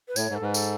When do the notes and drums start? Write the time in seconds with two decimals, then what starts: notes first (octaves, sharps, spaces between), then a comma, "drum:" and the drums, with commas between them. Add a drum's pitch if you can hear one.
0.08 B4
0.16 A2 C#5, drum: tambourine
0.30 G#2
0.35 A4
0.41 G#2 B4
0.54 A4, drum: tambourine